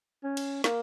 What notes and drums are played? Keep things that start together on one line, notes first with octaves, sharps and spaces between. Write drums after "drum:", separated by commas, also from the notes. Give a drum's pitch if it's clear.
C#4
drum: cymbal
A#3, drum: snare